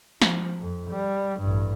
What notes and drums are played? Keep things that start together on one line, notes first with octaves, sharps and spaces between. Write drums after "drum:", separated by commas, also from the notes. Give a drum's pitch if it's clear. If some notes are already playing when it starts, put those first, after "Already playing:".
F3, drum: snare
F2
G3
A1 G2